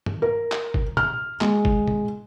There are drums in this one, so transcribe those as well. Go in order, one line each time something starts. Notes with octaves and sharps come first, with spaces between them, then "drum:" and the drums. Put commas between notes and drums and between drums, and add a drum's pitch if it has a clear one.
drum: tom
A#4
drum: clap
drum: kick
F6, drum: tom A#2
G#3, drum: clap
drum: kick
drum: tom A#2